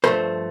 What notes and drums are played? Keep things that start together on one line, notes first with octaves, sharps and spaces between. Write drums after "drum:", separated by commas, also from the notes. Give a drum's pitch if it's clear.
G2 F3 A3 C5, drum: rim click